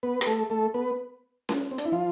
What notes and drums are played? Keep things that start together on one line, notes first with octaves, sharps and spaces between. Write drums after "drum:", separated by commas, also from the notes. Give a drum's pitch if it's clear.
B3 B4
G4, drum: rim click
A3 A4
A3 A4
B3 B4
drum: snare C#4
C4
D4, drum: hi-hat
E4
F3 F4